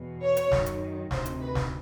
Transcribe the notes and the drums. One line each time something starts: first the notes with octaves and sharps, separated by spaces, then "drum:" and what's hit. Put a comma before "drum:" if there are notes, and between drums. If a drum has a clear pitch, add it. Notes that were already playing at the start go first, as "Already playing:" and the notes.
Already playing: E2 B2
C#5
drum: hi-hat
F#2 D#3, drum: snare
drum: hi-hat
D2 C3 D#3 C5, drum: snare
drum: hi-hat
B4
drum: snare